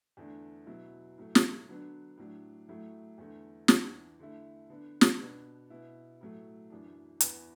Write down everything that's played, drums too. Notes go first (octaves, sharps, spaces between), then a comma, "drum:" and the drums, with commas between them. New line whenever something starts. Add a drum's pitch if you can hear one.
E2 D3 A3 D4
B2 F#3 B3 E4
A2 F#3 A3
drum: snare
D3 F#3 B3 D4
A2 F#3 D4
A2 F#3 A3 E4
E2 D3 A3
E2 E3 D4, drum: snare
D3 A3 E4
D3 B3 D4
drum: snare
B2 B3 D4
B2 B3 E4
A2 F#3 A3
F#2 E3 D4
E2 E3 B3, drum: hi-hat